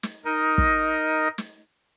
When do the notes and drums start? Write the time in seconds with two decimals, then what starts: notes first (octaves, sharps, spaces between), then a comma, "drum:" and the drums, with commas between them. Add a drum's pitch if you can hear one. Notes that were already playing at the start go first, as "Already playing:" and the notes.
0.03 drum: snare
0.25 D#4 A#4 D#5
0.58 drum: kick
1.38 drum: snare